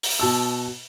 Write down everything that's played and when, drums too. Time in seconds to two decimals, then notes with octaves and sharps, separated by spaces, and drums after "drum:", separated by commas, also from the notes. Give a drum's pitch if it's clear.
0.03 drum: open hi-hat
0.20 B2 A5 E6